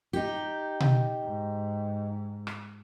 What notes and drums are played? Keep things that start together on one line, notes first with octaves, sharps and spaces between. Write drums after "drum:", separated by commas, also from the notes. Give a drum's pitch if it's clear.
D#4 G4
drum: tom B2
G#2
drum: rim click